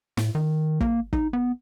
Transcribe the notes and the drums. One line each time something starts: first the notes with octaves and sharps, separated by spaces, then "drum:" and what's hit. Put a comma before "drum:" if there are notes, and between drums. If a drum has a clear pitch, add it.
A2, drum: snare
D#3
A#3, drum: kick
D#4, drum: kick
B3